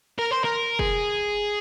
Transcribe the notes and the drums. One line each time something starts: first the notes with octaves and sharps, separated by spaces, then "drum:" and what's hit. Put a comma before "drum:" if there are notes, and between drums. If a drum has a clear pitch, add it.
A#4
C5
A#4
G#4, drum: kick